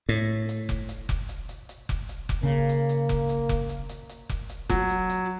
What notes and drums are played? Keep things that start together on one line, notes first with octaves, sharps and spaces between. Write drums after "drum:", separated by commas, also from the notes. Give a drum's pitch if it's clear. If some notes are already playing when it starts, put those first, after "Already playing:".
A2
drum: hi-hat
drum: kick F1, hi-hat
drum: hi-hat
drum: kick F1, hi-hat
drum: hi-hat
drum: hi-hat
drum: hi-hat
drum: kick F1, hi-hat
drum: hi-hat
drum: kick F1, hi-hat
C#3 A#3
drum: hi-hat
drum: hi-hat
drum: kick F1, hi-hat
drum: hi-hat
drum: kick F1, hi-hat
drum: hi-hat
drum: hi-hat
drum: hi-hat
drum: kick F1, hi-hat
drum: hi-hat
F#3, drum: kick F1, hi-hat
drum: hi-hat
drum: hi-hat